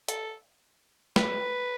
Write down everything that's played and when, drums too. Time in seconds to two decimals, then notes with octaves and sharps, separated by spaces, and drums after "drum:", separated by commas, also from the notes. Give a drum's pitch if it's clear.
0.08 A4, drum: hi-hat
1.16 B4, drum: snare